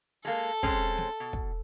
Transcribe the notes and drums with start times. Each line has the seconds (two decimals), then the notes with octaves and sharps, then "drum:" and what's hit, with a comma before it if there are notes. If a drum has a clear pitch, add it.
0.25 G#3 A#3 A4
0.63 G#3 C4 C#4, drum: kick
0.98 drum: snare
1.20 B2
1.33 drum: kick